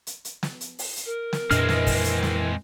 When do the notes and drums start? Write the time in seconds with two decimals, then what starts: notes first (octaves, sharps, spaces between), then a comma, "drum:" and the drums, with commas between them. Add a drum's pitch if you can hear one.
0.07 drum: hi-hat
0.25 drum: hi-hat
0.43 drum: snare
0.61 drum: hi-hat
0.79 drum: open hi-hat
0.97 drum: hi-hat
1.06 A#4
1.33 drum: snare
1.51 F2 A#2 E3 G#3 C4 D4 D#5 F6, drum: hi-hat
1.69 drum: snare
1.87 drum: kick, open hi-hat
2.05 drum: hi-hat
2.23 drum: snare